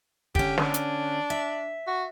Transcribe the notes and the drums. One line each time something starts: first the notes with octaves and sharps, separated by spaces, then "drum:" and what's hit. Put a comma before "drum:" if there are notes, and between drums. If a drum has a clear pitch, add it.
D3 C#4 G4, drum: kick
D4, drum: snare
drum: hi-hat
E5
F#4